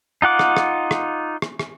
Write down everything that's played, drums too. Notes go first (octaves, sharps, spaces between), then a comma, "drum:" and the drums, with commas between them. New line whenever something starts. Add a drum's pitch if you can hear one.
D#4 F4 F#5 D6
drum: rim click
drum: rim click
drum: rim click
drum: rim click
drum: rim click